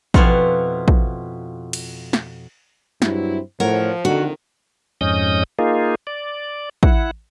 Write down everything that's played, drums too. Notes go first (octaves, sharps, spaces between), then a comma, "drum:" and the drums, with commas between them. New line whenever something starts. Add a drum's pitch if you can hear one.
F2 B2 E4 F4 F5 F#5, drum: kick
drum: kick
drum: cymbal
drum: snare
G2 F#3 C4 E4, drum: snare
A2 F3 A#4 C#5 F#5
F2 G#2 D3 D#3 F#4
F2 G#2 C#4 D#5 D#6 G6
A#3 D#4 F4 G#4
D5
E4 F#5, drum: kick